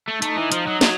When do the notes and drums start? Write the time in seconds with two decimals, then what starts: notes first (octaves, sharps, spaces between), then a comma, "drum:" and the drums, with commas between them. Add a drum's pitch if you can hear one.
0.08 A3
0.22 A3 D#4, drum: hi-hat
0.37 E3
0.52 F3, drum: hi-hat
0.67 F#3
0.81 F#3, drum: snare